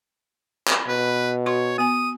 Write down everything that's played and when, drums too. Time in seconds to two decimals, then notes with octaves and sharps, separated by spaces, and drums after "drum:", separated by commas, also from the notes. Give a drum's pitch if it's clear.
0.67 drum: clap
0.88 B2 B4
1.46 F#4 C#5 C6 C#6
1.78 B3 G#5 D#6